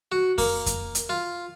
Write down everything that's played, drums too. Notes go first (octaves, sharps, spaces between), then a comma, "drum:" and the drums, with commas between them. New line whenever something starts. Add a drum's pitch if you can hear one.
F#4
A#3, drum: kick F2, open hi-hat
drum: kick F2, hi-hat
drum: hi-hat
F4